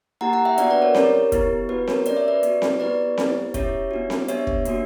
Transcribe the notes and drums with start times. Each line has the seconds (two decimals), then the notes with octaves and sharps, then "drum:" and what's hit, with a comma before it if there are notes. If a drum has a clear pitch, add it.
0.21 A#3 E4 G4 F#5 A#5
0.33 F#5 A#5
0.45 E5 G5
0.58 B3 D4 F#4 D5 F#5, drum: hi-hat
0.70 B4 D5
0.82 A#4 C#5
0.95 C#4 E4 G4 A#4 C#5, drum: snare C4
1.32 B3 E4 G4, drum: kick, hi-hat
1.69 B3 F#4 B4
1.88 A#4 C#5, drum: snare C4
2.06 C#4 G4 D5, drum: hi-hat
2.17 E5
2.28 B4 D5
2.43 B3 F#4, drum: hi-hat
2.62 drum: snare C4
2.80 B3 E4 G4 B4 D5
3.18 B3 E4 G4, drum: snare C4
3.54 C#4 E4 G4 C#5 E5, drum: kick, hi-hat
3.91 B3 D4 F#4
4.10 drum: snare C4
4.28 B3 D4 G4 C#5 E5, drum: hi-hat
4.47 drum: kick
4.65 A#3 D4 F#4, drum: hi-hat